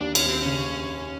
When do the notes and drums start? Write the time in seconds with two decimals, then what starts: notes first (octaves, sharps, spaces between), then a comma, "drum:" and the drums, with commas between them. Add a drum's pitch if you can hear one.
0.01 D#2 D4
0.15 C#4, drum: cymbal
0.24 D#2 C4
0.42 C#3 C#4